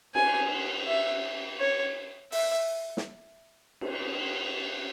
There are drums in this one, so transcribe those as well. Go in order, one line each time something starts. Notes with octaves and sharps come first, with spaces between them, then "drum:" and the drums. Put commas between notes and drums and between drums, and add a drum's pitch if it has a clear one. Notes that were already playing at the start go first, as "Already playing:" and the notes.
G#5, drum: cymbal
E5
C#5
E5, drum: open hi-hat
drum: snare
drum: cymbal